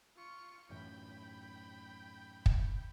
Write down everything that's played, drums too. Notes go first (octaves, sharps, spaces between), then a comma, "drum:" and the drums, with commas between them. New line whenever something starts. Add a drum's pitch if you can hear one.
F4 C#6
F#2 A2 E3 G5 B5
drum: kick